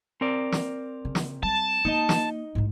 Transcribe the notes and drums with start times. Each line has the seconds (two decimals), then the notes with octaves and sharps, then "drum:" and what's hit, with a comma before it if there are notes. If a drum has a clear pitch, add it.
0.21 C4 A#4 D5
0.52 drum: snare
1.05 C#3
1.15 drum: snare
1.43 G3 A5
1.85 A#3 D#4 D#5
2.09 drum: snare
2.55 A1 G#2